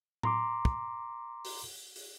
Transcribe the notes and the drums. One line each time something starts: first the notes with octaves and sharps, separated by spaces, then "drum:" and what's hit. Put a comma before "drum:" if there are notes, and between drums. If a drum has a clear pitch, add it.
A#5 C6 D6, drum: tom A2
drum: kick
drum: open hi-hat
drum: open hi-hat